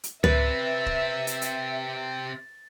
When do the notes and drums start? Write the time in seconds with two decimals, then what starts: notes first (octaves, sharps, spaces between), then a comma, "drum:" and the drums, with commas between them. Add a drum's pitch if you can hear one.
0.04 drum: hi-hat
0.24 C3 C4 B4 E5 A6, drum: tom C#2
0.86 drum: kick
1.27 drum: hi-hat
1.42 drum: hi-hat